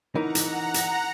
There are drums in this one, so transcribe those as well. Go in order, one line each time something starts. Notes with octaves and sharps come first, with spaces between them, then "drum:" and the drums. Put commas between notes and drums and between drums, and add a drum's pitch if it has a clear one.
E3 D#4 A#4 F#5 A#5
drum: hi-hat
drum: hi-hat